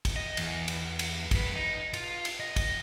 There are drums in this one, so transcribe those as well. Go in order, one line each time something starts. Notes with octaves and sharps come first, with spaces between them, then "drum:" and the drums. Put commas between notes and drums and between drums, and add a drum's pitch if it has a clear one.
drum: kick, cymbal
D#5
E2, drum: cymbal
drum: cymbal
drum: cymbal
F#2 B4, drum: kick, cymbal
D#4
F4, drum: cymbal
drum: cymbal
D#5
drum: kick, cymbal